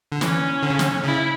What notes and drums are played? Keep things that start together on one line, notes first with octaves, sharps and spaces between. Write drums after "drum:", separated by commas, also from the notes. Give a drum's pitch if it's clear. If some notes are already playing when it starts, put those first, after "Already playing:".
D3
E3 C#4, drum: snare
D3
C#3
D3, drum: snare
C#3 E4